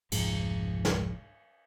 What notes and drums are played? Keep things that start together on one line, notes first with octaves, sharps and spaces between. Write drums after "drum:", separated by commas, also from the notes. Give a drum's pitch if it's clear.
F1 C#2 G#2 F3, drum: cymbal
drum: snare